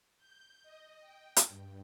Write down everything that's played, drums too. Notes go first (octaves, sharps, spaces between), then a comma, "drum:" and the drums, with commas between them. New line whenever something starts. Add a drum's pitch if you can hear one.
G6
D#5
G5
drum: hi-hat
G2